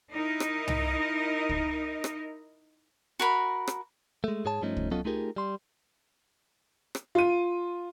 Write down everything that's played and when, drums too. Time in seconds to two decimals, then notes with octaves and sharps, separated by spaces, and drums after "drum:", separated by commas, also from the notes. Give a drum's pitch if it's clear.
0.13 D#4 E4 A#4 D#5
0.40 drum: rim click
0.68 drum: tom C2
1.49 drum: kick
2.04 drum: rim click
3.19 F#4 A#4 B5
3.67 drum: rim click
4.24 G#3 A3
4.45 G#2 G#4 C#5 A5
4.62 G2 F3 A3 C#4 D#4
4.77 drum: kick
4.91 F#3 B3 C#4 F4 A4 D#5
5.05 A3 D#4 F4 G4 G#4 A#4
5.36 G3 C6
6.95 drum: rim click
7.15 F4 D#7